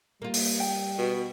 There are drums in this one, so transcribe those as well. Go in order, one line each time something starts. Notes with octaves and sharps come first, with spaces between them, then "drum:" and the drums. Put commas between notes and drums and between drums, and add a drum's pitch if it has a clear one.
G3 A#3 F4
drum: open hi-hat
G5
B2